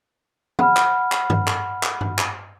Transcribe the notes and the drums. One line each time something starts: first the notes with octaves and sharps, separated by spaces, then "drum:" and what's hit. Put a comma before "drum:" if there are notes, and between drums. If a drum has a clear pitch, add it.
F#5 B5 F6, drum: tom
drum: clap
drum: clap
drum: tom G2
drum: clap
drum: clap
drum: tom G2
drum: clap